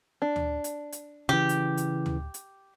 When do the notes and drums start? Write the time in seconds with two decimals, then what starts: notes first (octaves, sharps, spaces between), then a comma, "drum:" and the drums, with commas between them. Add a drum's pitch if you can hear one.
0.22 D4
0.36 drum: tom D2
0.64 drum: hi-hat
0.92 drum: hi-hat
1.29 C#3 E3 G4
1.49 drum: hi-hat
1.77 drum: hi-hat
2.06 drum: tom D2
2.34 drum: hi-hat